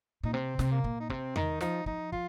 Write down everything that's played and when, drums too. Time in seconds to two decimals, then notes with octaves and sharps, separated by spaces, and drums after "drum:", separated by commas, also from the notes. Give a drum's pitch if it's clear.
0.23 A#2 D#4
0.33 C3 C4
0.59 C3, drum: snare
0.72 A#3
0.84 A#2, drum: kick
1.00 D#4
1.09 C3 C4, drum: kick
1.36 D#3 D#4, drum: tom E2
1.61 F3 D#4, drum: snare
1.86 F3 D#4, drum: kick
2.12 F4, drum: kick